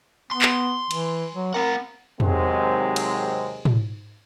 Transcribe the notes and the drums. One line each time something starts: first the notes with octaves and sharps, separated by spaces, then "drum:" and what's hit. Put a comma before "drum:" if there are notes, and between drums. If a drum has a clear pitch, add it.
B3 C6
drum: clap
E3, drum: cymbal
F#3
C4 A#4 F#5
D#2 G#2 C3 F#3 G#3 C4, drum: tom
drum: cymbal
drum: tom